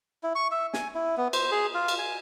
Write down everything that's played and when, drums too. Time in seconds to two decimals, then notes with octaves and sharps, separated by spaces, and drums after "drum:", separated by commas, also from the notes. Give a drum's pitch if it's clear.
0.23 E4
0.35 C#6
0.51 E5
0.74 G#5, drum: snare
0.95 E4
1.17 B3
1.33 C5, drum: cymbal
1.51 G#4
1.74 F4
1.88 drum: cymbal
1.99 G#5